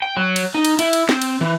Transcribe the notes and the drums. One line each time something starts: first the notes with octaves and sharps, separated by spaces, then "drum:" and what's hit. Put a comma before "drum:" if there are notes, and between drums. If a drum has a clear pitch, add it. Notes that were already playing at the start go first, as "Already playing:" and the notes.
G5
F#3
drum: cymbal
D#4
drum: cymbal
E4, drum: cymbal
drum: cymbal
C4, drum: snare
drum: cymbal
E3